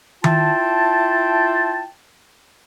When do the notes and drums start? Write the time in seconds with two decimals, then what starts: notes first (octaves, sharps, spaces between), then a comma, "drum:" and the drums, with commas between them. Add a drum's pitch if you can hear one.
0.24 E4 F4 G5 A5, drum: tom D#3